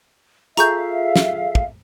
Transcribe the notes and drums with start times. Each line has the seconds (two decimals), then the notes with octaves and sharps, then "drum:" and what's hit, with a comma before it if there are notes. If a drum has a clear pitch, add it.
0.57 F4 G#4 A4 E5 F5 A#5 C#6 G6, drum: hi-hat
1.16 drum: snare
1.55 drum: kick